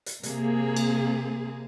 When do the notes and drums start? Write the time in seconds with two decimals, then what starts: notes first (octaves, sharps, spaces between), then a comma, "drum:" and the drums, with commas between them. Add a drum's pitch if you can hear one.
0.06 drum: hi-hat
0.23 C3 A#3 G#4, drum: hi-hat
0.77 drum: cymbal